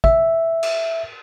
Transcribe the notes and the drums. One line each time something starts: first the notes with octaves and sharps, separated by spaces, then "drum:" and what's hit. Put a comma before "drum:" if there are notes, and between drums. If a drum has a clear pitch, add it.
E5, drum: kick
drum: cymbal